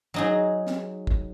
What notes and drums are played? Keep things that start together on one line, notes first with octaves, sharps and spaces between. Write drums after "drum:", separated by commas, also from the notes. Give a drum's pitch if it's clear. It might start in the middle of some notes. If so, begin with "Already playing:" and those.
F#3 D#4 G#4
drum: snare
drum: kick